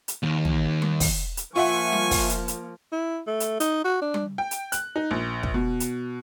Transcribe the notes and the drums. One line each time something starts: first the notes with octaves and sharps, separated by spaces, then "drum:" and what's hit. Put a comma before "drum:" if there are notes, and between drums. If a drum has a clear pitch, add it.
drum: hi-hat
D#2 D#3
drum: tom
drum: tom G3
drum: kick, open hi-hat
drum: hi-hat
F3 A#3 F4 E5 F#5 G#5 C#6
drum: tom G3
drum: kick, open hi-hat
drum: hi-hat
drum: hi-hat
E4
A3
drum: hi-hat
D#4, drum: hi-hat
F#4
D4
drum: tom G3
G5
drum: hi-hat
F#6, drum: hi-hat
D#4
A#1
drum: kick
B2
drum: hi-hat